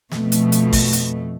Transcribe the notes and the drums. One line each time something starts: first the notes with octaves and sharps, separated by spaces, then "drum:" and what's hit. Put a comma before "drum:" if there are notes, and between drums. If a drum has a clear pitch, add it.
F2 B2 A3, drum: snare
drum: hi-hat
drum: hi-hat
drum: kick, open hi-hat
drum: hi-hat